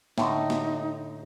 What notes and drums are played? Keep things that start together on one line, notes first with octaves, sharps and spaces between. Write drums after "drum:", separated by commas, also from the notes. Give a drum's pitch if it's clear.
A2 D3 D#4, drum: snare
drum: snare